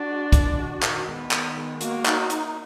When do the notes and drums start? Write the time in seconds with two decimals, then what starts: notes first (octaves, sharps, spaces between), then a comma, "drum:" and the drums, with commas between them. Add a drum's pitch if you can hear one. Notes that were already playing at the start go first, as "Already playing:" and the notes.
Already playing: D4 F#4
0.09 G#3
0.32 G#3, drum: kick, hi-hat
0.58 F#4
0.82 D#3, drum: clap
1.07 G#3 B3
1.31 D#3, drum: clap
1.56 G#3
1.81 A#3 F#4, drum: hi-hat
2.05 D#4, drum: clap
2.30 drum: hi-hat